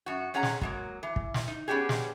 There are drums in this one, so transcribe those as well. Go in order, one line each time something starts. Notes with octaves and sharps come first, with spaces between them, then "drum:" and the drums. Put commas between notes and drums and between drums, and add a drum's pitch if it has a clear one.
F#2 F#4
F2 C#4 G#4 F#5 A#5
drum: snare
F#3 G#3 A#3, drum: kick
E3
drum: kick
drum: snare
D#4
B3 C#4 D4 G4 G#4
drum: snare